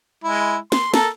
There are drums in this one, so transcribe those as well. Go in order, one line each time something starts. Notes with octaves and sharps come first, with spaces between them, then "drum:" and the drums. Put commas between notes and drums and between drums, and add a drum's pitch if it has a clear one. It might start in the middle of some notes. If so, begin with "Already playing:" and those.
G#3 E4
C6, drum: snare
A4 A#4, drum: snare